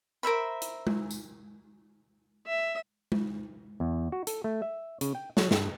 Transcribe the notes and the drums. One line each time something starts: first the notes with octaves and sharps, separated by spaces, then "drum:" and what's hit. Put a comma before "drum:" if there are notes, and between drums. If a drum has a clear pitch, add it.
A#4 C5 E5 B5
drum: hi-hat
drum: tom G#3
drum: tambourine
E5
drum: tom G#3
E2
F#4
A4, drum: hi-hat
A3
E5
C#3, drum: hi-hat
G5
F#3, drum: snare
G2, drum: snare